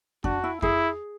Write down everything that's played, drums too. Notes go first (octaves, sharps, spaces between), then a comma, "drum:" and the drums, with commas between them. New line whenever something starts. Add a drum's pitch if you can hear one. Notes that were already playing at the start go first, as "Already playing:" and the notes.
D4 F#4, drum: kick F2
E4
E4 G#4, drum: kick F2